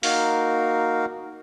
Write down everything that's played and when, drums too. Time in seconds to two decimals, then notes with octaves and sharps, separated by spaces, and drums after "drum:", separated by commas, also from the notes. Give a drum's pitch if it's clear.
0.03 A#3 D#4 F#4 A#4 F5, drum: open hi-hat